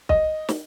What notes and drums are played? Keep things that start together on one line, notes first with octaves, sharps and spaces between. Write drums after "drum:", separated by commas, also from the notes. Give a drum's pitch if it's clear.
D#5, drum: kick
drum: snare